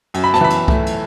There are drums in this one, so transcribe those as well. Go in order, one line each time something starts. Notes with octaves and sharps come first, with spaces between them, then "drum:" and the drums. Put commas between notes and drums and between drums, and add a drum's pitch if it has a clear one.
F#2, drum: cymbal
B5
A5, drum: snare
E3 B5
drum: cymbal
A3, drum: kick C2
drum: cymbal